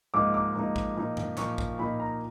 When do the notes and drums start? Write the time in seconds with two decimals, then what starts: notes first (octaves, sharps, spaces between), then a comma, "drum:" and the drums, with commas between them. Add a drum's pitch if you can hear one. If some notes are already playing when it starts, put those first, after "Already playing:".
0.14 G#2 F3 A#3 D#4 D6
0.34 D6
0.55 G#2 F3 A#3 D#4
0.76 drum: kick
0.96 A#2 F3 A#3 D#4
1.17 drum: tom
1.37 A#2 F3 A#3 D#4 C#6, drum: clap
1.58 drum: kick
1.79 A#2 F3 A#3 D#4 B5
2.00 A#5